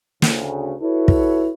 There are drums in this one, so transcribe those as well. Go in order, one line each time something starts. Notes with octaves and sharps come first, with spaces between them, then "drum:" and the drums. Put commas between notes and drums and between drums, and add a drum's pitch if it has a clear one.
D2 C#3, drum: snare
E4 F#4 A4 B4 C#5
drum: kick